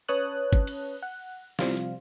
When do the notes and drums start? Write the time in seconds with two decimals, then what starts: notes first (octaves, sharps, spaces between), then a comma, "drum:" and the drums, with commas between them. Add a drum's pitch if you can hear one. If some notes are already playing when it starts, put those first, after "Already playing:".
0.09 C#4 B4 C#5 A5 D#6 F#6
0.53 drum: kick
0.67 drum: cymbal
1.02 F#5
1.59 C3 F3 G3 F4, drum: snare
1.77 drum: hi-hat